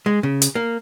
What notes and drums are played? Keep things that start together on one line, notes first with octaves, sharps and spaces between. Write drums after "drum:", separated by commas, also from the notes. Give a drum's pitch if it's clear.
G#3
C#3
drum: hi-hat
A#3